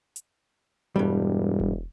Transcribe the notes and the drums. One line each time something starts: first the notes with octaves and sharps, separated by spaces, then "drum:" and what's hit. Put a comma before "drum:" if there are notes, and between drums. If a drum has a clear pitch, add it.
drum: hi-hat
E1 G2 G3
drum: kick E1